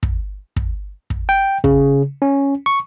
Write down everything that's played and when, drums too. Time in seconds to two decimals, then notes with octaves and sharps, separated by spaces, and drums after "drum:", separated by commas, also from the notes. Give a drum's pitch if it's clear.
0.03 drum: kick
0.56 drum: kick
1.10 drum: kick
1.29 G5
1.64 C#3, drum: kick
2.22 C#4
2.66 C#6